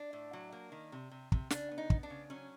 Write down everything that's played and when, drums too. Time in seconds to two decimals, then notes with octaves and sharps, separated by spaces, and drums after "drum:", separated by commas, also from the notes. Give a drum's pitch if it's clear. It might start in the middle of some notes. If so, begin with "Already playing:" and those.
Already playing: D4
0.13 A2
0.33 F#3
0.52 A#3
0.72 D#3
0.92 C3
1.11 C3
1.32 C3, drum: kick
1.50 C#3 D4, drum: snare
1.71 B3
1.78 D#4
1.90 B3, drum: kick
2.03 D4
2.10 C#3
2.30 F#3 C#4